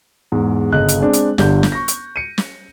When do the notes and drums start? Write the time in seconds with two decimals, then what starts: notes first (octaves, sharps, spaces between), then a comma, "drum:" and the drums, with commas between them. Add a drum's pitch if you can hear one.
0.32 E2 G#2
0.72 G1 C#3 D#5 F#6
0.88 drum: hi-hat
0.99 G#3 C4 D4
1.13 drum: hi-hat
1.38 G1 D3 G3 G6, drum: snare
1.63 drum: snare
1.72 C#6 A#6
1.88 drum: hi-hat
2.16 C#7 D#7
2.38 drum: snare